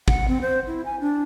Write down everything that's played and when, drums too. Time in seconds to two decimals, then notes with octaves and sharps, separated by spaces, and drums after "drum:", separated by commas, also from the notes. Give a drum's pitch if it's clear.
0.08 F#5, drum: kick
0.28 C4
0.42 C5
0.67 E4
0.85 G#5
1.01 D4